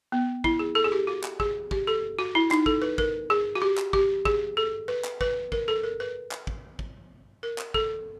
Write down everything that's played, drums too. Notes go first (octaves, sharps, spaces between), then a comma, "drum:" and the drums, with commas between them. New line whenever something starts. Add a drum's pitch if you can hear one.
B3
E4, drum: kick
G#4
A4
G#4
G4
F#4
drum: clap
G#4, drum: kick
G4, drum: kick
A4
F#4
E4
D#4, drum: clap
A4, drum: kick
B4
A#4, drum: kick
G#4
F#4
G4
drum: clap
G4, drum: kick
G#4, drum: kick
A4
B4
drum: clap
B4, drum: kick
A#4, drum: kick
A4
A#4
B4
drum: clap
drum: kick
drum: kick
A#4
drum: clap
A4, drum: kick